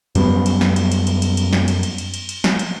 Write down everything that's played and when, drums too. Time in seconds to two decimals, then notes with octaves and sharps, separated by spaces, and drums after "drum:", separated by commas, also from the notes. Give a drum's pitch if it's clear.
0.15 F#2 G3 A#3 B3, drum: cymbal
0.46 drum: cymbal
0.61 drum: snare
0.76 drum: cymbal
0.92 drum: cymbal
1.07 drum: cymbal
1.22 drum: cymbal
1.37 drum: cymbal
1.53 drum: snare
1.68 drum: cymbal
1.83 drum: cymbal
1.98 drum: cymbal
2.14 drum: cymbal
2.29 drum: cymbal
2.44 drum: snare
2.59 drum: cymbal